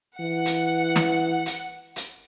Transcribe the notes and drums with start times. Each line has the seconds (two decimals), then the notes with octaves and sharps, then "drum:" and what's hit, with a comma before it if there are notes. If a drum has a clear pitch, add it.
0.21 E3 F#5
0.46 drum: hi-hat
0.96 drum: snare
1.46 drum: hi-hat
1.96 drum: hi-hat